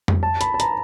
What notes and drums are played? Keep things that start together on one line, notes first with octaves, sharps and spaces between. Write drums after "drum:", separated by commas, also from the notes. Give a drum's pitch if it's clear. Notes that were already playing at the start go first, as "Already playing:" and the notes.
drum: tom F2
A5
B5, drum: hi-hat
A5
A#5, drum: hi-hat